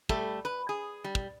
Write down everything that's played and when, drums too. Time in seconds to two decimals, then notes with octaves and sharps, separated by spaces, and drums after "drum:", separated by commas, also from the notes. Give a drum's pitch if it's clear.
0.09 G3 A3 A4, drum: kick
0.45 B4
0.69 G#4
1.04 G3
1.15 drum: kick